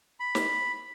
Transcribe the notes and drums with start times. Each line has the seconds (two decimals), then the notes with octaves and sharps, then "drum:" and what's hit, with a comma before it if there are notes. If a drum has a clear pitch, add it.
0.20 B5
0.35 drum: snare